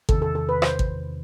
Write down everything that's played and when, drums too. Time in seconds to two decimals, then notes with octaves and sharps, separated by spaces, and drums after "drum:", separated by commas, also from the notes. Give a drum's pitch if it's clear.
0.09 E2 C3 D#3 A4, drum: kick
0.22 A4
0.35 A4
0.49 B4
0.62 C5, drum: rim click
0.79 drum: kick